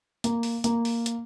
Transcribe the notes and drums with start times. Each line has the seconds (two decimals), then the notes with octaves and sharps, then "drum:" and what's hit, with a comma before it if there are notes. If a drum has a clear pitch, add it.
0.24 A#3, drum: hi-hat
0.43 drum: open hi-hat
0.64 A#3, drum: hi-hat
0.85 drum: open hi-hat
1.06 drum: hi-hat